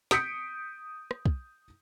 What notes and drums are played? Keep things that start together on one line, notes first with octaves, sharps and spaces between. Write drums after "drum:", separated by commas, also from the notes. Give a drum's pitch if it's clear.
D#6 G6 B6 C#7 D7, drum: snare
drum: rim click
drum: kick